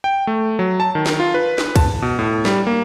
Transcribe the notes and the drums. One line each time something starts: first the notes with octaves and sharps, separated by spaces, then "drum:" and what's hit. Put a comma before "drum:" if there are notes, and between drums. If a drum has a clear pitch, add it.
G5
A3
F#3
A5
D#3
drum: snare
F4
B4
drum: snare
A5, drum: kick, cymbal
B2
A2
G3, drum: snare
A#3